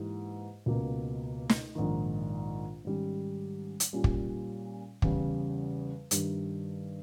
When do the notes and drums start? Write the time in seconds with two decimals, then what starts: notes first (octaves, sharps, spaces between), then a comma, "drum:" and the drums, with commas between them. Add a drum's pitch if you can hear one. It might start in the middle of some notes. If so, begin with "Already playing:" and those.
Already playing: G#2 E3 A#3 E4 G4
0.66 C#2 B2 A#3
1.49 drum: snare
1.75 A#1 G#2 D#3
2.85 G#2 D#3 G3 C#4
3.80 drum: hi-hat
3.93 A#2 G3 C#4
4.04 drum: kick
5.02 E2 C#3 G3, drum: kick
6.11 G2 D#3 G3, drum: hi-hat